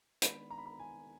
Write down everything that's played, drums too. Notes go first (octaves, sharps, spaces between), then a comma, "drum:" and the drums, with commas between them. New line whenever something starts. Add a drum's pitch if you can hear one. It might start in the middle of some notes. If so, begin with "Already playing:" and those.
D#3 G#3 B3 D4 B5, drum: hi-hat
A#5
B5
A#5
G#5